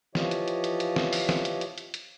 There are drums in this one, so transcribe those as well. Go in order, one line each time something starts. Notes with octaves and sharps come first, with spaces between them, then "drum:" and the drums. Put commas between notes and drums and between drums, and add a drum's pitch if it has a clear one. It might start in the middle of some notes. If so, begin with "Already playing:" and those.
E3 F3 F4 G4 C#5 D#5, drum: snare
drum: hi-hat
drum: hi-hat
drum: hi-hat
drum: hi-hat
drum: snare
drum: open hi-hat
drum: snare
drum: hi-hat
drum: hi-hat
drum: hi-hat
drum: hi-hat